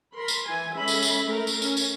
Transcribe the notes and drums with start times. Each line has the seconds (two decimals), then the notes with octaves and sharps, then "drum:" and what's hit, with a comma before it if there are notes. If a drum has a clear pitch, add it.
0.17 A#4 B5 C6
0.28 drum: tambourine
0.47 E3 G#5
0.76 G#3 C#4 A4 E5 B5
0.88 drum: tambourine
1.02 drum: tambourine
1.26 A3 A#4
1.47 drum: tambourine
1.62 C#4, drum: tambourine
1.77 drum: tambourine